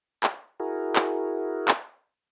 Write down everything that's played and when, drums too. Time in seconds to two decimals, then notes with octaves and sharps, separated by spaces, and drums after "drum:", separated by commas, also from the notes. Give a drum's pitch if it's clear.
0.23 drum: clap
0.60 E4 F#4 G#4 A#4
0.96 drum: clap
1.68 drum: clap